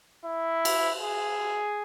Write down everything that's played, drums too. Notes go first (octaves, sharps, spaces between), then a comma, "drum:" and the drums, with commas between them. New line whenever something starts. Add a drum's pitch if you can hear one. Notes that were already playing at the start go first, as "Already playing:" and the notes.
E4
drum: cymbal
G#4